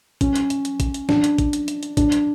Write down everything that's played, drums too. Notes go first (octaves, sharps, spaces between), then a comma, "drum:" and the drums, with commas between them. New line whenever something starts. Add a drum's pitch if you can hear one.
C#4, drum: kick, hi-hat
drum: hi-hat
drum: hi-hat
drum: hi-hat
drum: kick, hi-hat
drum: hi-hat
D4, drum: snare
drum: hi-hat
drum: kick, hi-hat
drum: hi-hat
drum: hi-hat
drum: hi-hat
D4, drum: kick, hi-hat
drum: hi-hat